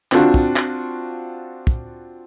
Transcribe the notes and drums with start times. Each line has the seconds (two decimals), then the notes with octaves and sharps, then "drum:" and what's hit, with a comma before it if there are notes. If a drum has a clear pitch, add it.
0.12 C4 D4 F4 F#4, drum: clap
0.34 drum: kick
0.56 drum: clap
1.67 drum: kick